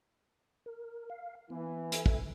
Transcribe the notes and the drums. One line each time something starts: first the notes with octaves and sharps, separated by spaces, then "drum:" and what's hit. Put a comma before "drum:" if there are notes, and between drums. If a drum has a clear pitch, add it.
A#4
F5
E3 B3
A4 E5 G#5, drum: hi-hat
drum: kick